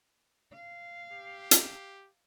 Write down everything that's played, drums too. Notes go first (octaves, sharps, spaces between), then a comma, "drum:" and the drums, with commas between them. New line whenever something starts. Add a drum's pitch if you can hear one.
F5
G4
drum: hi-hat